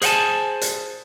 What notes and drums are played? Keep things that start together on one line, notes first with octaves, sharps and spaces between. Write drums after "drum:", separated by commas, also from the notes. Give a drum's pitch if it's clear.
G#4 C5 F5 F#5 G#5 A5, drum: hi-hat
drum: hi-hat